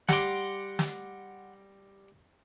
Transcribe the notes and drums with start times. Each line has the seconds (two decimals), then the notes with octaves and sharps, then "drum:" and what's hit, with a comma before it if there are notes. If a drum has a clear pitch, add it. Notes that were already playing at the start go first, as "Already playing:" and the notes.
0.09 G3 F#5 A#5 C6 D6, drum: snare
0.79 drum: snare